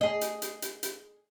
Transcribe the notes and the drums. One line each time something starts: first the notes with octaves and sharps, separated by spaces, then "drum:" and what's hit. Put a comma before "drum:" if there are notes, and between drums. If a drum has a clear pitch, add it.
G#4 D#5
drum: hi-hat
drum: hi-hat
drum: hi-hat
drum: hi-hat